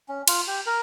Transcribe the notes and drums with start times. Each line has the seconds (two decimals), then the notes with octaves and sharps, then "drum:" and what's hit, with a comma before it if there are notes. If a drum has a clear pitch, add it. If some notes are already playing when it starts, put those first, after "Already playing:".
0.09 C#4
0.28 F4, drum: cymbal
0.47 G4
0.66 A#4